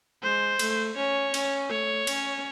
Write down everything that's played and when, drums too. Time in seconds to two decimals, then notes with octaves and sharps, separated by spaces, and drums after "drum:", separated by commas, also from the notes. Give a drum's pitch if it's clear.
0.23 G#3 C5
0.59 A3, drum: cymbal
0.96 C#4 C#5
1.34 C#4, drum: cymbal
1.70 A3 C#5
2.07 C#4, drum: cymbal